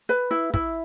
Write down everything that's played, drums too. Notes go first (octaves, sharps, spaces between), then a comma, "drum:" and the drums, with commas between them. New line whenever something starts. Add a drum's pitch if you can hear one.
B4
E4
E4, drum: kick